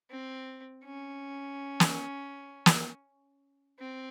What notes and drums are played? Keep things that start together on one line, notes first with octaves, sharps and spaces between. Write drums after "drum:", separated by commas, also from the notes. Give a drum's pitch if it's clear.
C4
C#4
drum: snare
drum: snare
C4